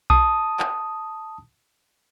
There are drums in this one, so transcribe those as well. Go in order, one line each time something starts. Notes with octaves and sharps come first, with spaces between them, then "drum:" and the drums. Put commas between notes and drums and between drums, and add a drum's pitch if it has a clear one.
A5 D#6, drum: kick B1
drum: clap